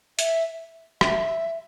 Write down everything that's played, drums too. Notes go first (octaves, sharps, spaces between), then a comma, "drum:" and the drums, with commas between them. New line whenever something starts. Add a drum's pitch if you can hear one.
E5, drum: hi-hat
E5, drum: rim click